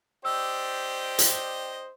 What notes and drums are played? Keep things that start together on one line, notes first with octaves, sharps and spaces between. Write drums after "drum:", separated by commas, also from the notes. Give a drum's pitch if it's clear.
D4 G4 C5 D#5 E6
drum: hi-hat